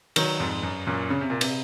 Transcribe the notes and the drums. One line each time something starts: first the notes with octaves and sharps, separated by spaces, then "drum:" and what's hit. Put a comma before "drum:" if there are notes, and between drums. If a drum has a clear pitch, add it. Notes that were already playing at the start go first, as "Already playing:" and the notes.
D#3 F#3, drum: cymbal
F2 G#2
F#2
F#2 A#2
C#3
C3
A#2
C3, drum: cymbal